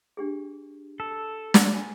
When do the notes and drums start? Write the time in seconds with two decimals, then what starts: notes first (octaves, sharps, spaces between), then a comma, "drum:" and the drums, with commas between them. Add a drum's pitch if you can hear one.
0.17 D4 G4 G#4
1.00 A4
1.54 drum: snare
1.74 G#5